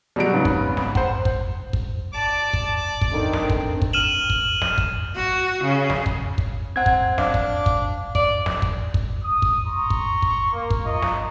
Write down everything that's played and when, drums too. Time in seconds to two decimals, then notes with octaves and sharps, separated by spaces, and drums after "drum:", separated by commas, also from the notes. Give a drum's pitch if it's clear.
0.16 B2 F#3 G3 D7
0.33 G#2 C#3 B3
0.45 drum: kick
0.77 drum: snare
0.95 C5 F#5, drum: kick
1.25 drum: kick
1.73 drum: kick
2.14 D5 A5 D6
2.53 drum: kick
3.01 drum: kick
3.12 D3 D#3 C4 A#5
3.34 drum: snare
3.50 drum: kick
3.82 drum: kick
3.93 F6 D#7 E7 F#7
4.30 drum: kick
4.62 drum: snare
4.78 drum: kick
5.15 F#4
5.63 C#3
5.90 drum: snare
6.06 drum: kick
6.38 drum: kick
6.76 C4 F#5 G#6
6.86 drum: kick
7.18 D4 F5, drum: snare
7.34 drum: kick
7.66 drum: kick
8.15 D5, drum: kick
8.46 drum: snare
8.62 drum: kick
8.94 drum: kick
9.23 D#6
9.42 drum: kick
9.67 A#5 C6 C#6
9.90 drum: kick
10.22 drum: kick
10.53 A#3
10.70 drum: kick
10.85 F4 D#5 A#5 C#6
11.03 drum: snare